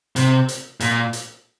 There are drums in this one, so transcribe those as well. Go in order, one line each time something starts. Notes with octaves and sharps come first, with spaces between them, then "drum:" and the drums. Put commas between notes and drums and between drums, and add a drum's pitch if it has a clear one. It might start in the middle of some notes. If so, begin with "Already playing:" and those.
C3, drum: hi-hat
drum: hi-hat
A#2, drum: hi-hat
drum: hi-hat